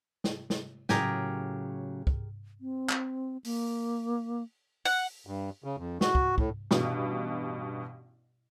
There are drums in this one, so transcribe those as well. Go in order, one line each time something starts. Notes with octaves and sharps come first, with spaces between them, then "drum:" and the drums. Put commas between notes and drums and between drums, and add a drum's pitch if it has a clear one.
drum: snare
drum: snare
A2 C#3 F#3 G4 G#4 A#4, drum: snare
drum: kick
C4
drum: clap
A#3, drum: open hi-hat
F#5, drum: open hi-hat
G2
C#3
F2
F#4, drum: snare
drum: kick
A2, drum: kick
A1 G2 B2, drum: snare